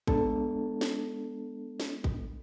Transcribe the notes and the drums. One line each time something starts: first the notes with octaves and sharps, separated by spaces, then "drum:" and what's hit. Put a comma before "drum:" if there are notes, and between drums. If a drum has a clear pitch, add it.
G#3 B3 D4 A4, drum: kick A1
drum: snare
drum: snare
drum: kick A1